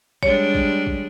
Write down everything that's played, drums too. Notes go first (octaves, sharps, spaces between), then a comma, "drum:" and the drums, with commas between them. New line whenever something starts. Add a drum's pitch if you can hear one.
G3 G#3 D4 C#5, drum: kick
drum: kick
drum: kick